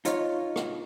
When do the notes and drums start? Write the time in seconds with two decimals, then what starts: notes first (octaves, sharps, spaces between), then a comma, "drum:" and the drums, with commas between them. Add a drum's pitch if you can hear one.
0.05 D#4 F4 C#5, drum: hi-hat
0.56 drum: rim click